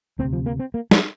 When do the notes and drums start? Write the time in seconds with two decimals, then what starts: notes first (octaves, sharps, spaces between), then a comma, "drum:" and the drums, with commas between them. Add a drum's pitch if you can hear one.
0.19 D2 C4
0.24 C3
0.33 F3
0.46 A#3
0.59 C4
0.74 A#3
0.91 G3, drum: snare